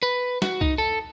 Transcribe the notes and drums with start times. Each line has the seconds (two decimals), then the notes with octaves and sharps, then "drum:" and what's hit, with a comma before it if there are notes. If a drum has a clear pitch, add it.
0.03 B4
0.42 F#4, drum: snare
0.61 D#4, drum: kick C2
0.78 A4